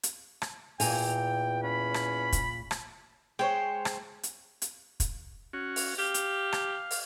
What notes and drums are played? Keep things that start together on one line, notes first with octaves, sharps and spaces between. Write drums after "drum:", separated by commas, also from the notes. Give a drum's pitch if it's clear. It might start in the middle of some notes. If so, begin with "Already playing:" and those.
drum: hi-hat
drum: rim click
E2 A#2 G5 G#5, drum: open hi-hat
C#4 B5
drum: rim click
drum: kick, hi-hat
drum: rim click
G#3 C5 C#5 G5
drum: rim click
drum: hi-hat
drum: hi-hat
drum: kick, hi-hat
C#4 F#4
drum: open hi-hat
G4 F5
drum: hi-hat
drum: rim click
drum: open hi-hat